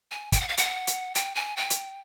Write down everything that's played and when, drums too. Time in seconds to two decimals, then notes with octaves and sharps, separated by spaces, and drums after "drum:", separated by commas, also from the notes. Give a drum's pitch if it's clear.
0.11 G#5
0.32 G5, drum: kick, hi-hat
0.41 F#5
0.49 F5
0.57 F#5, drum: hi-hat
0.87 drum: hi-hat
1.15 G5, drum: hi-hat
1.35 G#5
1.57 G5
1.70 drum: hi-hat